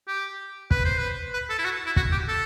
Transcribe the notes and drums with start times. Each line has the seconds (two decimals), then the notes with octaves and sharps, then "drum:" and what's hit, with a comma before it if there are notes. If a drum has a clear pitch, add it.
0.08 G4
0.71 B4, drum: kick
0.85 C5
0.99 B4
1.34 B4
1.49 A4
1.58 E4
1.65 F#4
1.86 E4
1.96 F#4, drum: kick
2.12 G4
2.28 A4